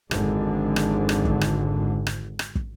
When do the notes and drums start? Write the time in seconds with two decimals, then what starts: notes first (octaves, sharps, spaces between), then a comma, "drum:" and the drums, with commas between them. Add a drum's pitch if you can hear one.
0.11 G#1 F2 D3, drum: rim click
0.76 drum: rim click
1.09 drum: rim click
1.25 drum: kick
1.41 drum: rim click
2.07 drum: rim click
2.39 drum: rim click
2.55 drum: kick